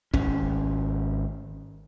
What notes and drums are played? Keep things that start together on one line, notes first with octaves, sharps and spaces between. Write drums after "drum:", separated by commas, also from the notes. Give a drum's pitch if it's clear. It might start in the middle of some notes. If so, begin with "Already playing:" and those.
G#1 C#4, drum: kick